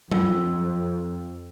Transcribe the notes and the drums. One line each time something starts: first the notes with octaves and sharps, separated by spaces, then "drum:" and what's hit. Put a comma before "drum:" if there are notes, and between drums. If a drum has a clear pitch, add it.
F2 F4 E6, drum: tom F#3